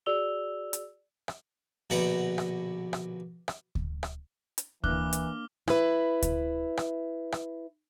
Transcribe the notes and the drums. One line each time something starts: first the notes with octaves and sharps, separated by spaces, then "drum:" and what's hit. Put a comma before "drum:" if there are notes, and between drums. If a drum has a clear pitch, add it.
F#4 G#4 D5 E6 F7 G7
drum: hi-hat
drum: rim click
A#1 B2 D3 B4 F#5 A#5
drum: rim click
drum: rim click
drum: rim click
drum: kick D2
drum: rim click
drum: hi-hat
E3 A#3 D4 D6 F6 F#6 G7, drum: kick D2
drum: hi-hat
E4 B4, drum: rim click
drum: kick D2, hi-hat
drum: rim click
drum: rim click